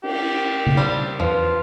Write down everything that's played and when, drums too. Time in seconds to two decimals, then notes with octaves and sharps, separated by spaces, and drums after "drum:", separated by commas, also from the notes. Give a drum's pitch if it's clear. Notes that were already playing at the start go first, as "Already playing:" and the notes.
0.03 G4, drum: cymbal
0.67 drum: tom C#3
0.77 G3 C4 D4
1.20 E2 E3 F3 F4 B4